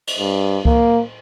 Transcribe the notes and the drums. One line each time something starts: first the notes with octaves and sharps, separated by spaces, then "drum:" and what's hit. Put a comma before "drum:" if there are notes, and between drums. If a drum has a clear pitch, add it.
drum: cymbal
G2
A#3, drum: kick C#2